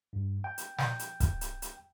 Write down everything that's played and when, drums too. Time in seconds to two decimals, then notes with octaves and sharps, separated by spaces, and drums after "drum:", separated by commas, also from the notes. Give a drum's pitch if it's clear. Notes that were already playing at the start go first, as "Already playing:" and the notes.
0.13 G2
0.44 G5
0.58 drum: hi-hat
0.79 G5, drum: snare
0.99 drum: hi-hat
1.20 drum: kick, hi-hat
1.41 drum: hi-hat
1.62 drum: hi-hat